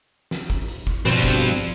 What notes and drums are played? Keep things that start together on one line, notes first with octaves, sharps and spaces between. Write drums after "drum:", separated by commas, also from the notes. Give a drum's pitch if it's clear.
drum: snare
drum: kick, hi-hat
drum: hi-hat
drum: kick
G2 B2 F3 C4, drum: snare
drum: kick
drum: hi-hat